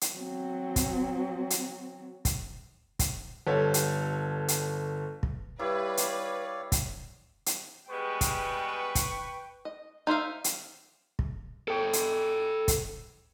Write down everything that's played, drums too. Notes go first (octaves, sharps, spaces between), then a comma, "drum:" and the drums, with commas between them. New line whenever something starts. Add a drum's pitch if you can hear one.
drum: hi-hat
F#3 C4
drum: kick, hi-hat
drum: hi-hat
drum: kick, hi-hat
drum: kick, hi-hat
G1 A4 C#5
drum: hi-hat
drum: hi-hat
drum: kick
G3 E4 B4 C#5 D5 F5
drum: hi-hat
drum: kick, hi-hat
drum: hi-hat
G3 G#3 B3 B4 G5 C#6
drum: kick, hi-hat
drum: kick, hi-hat
D#5
D#4 C5 E5 F5
drum: hi-hat
drum: kick
A4 G5
drum: hi-hat
drum: kick, hi-hat